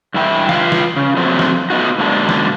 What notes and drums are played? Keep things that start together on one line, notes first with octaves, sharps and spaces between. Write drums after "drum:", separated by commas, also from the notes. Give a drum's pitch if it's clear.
G2 E3 E4 G5
F4 B4 F5, drum: snare
drum: snare
C#3
D3 F3 F#3 A3 A#3 C4
drum: snare
A3 B3 D#4 F4 F#4
G#2 B2 D3 A#3 D4
drum: snare